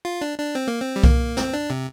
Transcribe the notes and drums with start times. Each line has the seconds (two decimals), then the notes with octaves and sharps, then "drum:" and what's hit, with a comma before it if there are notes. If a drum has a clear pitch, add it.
0.05 F4
0.22 D4
0.38 D4
0.55 C4
0.68 A#3
0.80 C4
0.96 G3
1.04 A#3, drum: kick C2
1.37 C4, drum: snare
1.53 D4
1.70 C3